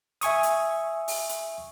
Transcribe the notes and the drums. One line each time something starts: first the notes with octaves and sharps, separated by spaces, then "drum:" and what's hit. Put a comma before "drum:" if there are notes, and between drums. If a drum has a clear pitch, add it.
E5 G#5 C#6 D#6, drum: hi-hat
drum: hi-hat
drum: open hi-hat
drum: hi-hat